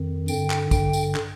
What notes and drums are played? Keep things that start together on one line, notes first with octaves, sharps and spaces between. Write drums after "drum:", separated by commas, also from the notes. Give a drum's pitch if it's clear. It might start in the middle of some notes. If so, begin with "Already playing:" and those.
Already playing: F2 D#3
G2 D3 G5, drum: tambourine
drum: clap
G2 D3 G5, drum: kick, tambourine
drum: tambourine
drum: clap